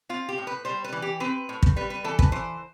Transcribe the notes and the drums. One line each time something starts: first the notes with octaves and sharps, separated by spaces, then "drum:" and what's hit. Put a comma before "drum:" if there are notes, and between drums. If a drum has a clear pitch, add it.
C4 F4
G4
A2
B4
G3 C5
B4
E3
G4
C4 B4
A2
drum: kick
G3 B4
B4
E3 A4
B4, drum: kick
E3 C5